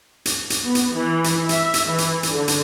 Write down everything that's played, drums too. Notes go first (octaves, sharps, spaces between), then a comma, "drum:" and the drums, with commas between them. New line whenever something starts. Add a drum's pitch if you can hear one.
drum: hi-hat
drum: hi-hat
B3
drum: hi-hat
E3
drum: hi-hat
E5, drum: hi-hat
drum: hi-hat
E3
drum: hi-hat
drum: hi-hat
D3
drum: hi-hat